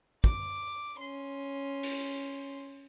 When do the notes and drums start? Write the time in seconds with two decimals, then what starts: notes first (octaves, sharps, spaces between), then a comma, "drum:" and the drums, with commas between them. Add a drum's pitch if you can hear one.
0.24 D6, drum: kick
0.99 C#4 C6
1.83 drum: open hi-hat